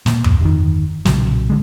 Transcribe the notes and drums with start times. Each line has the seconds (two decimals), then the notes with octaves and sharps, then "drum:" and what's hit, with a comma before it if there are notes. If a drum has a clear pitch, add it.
0.06 A#2, drum: snare
0.24 D1, drum: tom F2
0.41 G1 D#3
1.05 B1 A#2 C#3 F#3, drum: snare
1.50 D3 G#3